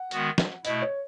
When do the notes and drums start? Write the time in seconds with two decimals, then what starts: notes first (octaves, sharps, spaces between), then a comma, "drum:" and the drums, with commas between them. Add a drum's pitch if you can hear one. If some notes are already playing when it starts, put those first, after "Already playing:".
Already playing: F#5
0.11 D#3 G#3 B3 F#4, drum: hi-hat
0.38 drum: snare
0.65 B2 A3 E4 D#5, drum: hi-hat
0.82 C#5